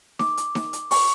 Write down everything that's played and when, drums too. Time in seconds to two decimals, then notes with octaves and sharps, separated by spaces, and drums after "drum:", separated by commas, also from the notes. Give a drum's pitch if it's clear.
0.19 D6, drum: snare D#4
0.37 drum: hi-hat
0.55 drum: snare D#4
0.73 drum: hi-hat
0.91 C#6, drum: open hi-hat